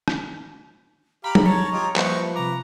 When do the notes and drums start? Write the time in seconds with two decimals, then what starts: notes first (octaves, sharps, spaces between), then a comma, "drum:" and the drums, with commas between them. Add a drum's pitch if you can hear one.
0.08 drum: rim click
1.24 G4 F5 A#5 B5
1.35 drum: tom F#3
1.46 C#5 A5 A#5
1.72 F4 G4 D#5
1.96 F3 G3 A#3 D#4 B4 C5 E5 C#6, drum: clap
2.36 C3 A#5 B5 D6